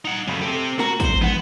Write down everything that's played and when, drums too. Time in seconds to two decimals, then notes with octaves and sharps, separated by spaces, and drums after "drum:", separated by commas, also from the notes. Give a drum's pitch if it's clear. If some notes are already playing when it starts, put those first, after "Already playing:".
0.05 D#4 F#5
0.27 F#2 C#3 A3 B5
0.42 C4 G4 A4
0.79 F#4 A#4 A#5, drum: snare
1.00 A2 C3 C5, drum: kick, tambourine
1.22 G#3 B3 D#4 F#5, drum: tom